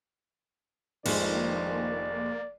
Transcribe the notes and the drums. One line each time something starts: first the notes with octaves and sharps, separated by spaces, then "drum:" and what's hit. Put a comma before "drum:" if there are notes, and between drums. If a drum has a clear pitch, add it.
F1 A#1 D#3 F3 G#3 A#3 D5, drum: cymbal